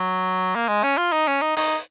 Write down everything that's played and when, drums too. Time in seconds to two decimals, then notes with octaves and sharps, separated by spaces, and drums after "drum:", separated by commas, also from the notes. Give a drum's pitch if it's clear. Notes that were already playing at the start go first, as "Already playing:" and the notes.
Already playing: F#3
0.56 A#3
0.68 G#3
0.83 C#4
0.98 F4
1.12 D#4
1.27 C#4
1.42 D#4
1.57 D#4, drum: open hi-hat